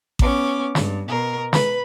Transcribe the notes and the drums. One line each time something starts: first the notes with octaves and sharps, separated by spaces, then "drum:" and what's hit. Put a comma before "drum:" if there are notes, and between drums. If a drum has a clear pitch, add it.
B3 C#4 D6, drum: kick A1
G2, drum: snare
B2 A#4
B4 B5, drum: snare